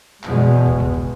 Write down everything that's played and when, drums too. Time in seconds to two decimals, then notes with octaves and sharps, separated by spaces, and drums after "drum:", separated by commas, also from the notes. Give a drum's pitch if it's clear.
0.23 E2 B2 G#3, drum: clap
0.66 drum: kick
0.80 drum: kick